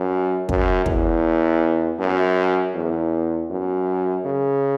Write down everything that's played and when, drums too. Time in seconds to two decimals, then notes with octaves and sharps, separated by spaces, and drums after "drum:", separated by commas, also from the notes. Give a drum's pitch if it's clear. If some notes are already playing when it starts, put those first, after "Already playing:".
Already playing: F#2
0.49 F#2, drum: kick
0.86 E2, drum: kick
1.99 F#2
2.75 E2
3.50 F#2
4.25 C#3